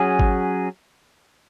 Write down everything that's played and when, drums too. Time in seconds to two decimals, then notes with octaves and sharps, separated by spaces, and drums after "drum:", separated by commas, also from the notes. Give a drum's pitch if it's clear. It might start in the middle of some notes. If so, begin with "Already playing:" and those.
Already playing: F#3 C#4 G#4
0.19 drum: kick G#1